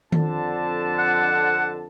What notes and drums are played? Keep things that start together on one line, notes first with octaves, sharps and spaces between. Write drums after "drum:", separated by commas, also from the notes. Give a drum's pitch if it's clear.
F2 D3 A5, drum: tom D#3
F#5